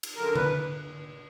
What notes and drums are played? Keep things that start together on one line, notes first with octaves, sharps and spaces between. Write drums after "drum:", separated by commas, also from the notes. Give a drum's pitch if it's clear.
drum: cymbal
F#2 D3 A#4
B4, drum: tom D3